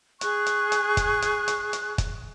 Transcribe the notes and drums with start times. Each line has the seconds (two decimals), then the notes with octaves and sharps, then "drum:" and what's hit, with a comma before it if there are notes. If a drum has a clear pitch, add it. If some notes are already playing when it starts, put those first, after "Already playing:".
0.21 G#4 C#6 F#6, drum: hi-hat
0.46 drum: hi-hat
0.72 drum: hi-hat
0.97 drum: kick, hi-hat
1.22 drum: hi-hat
1.48 drum: hi-hat
1.73 drum: hi-hat
1.98 drum: kick, hi-hat